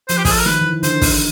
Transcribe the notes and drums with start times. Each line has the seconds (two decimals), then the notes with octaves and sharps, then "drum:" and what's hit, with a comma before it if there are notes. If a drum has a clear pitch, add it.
0.09 F3 C5, drum: hi-hat
0.17 G4
0.25 G#4, drum: kick, open hi-hat
0.31 A4
0.39 A#4
0.46 D#3 B4, drum: snare
0.61 E3
0.73 D#3
0.83 D3 C5, drum: hi-hat
1.01 drum: kick, open hi-hat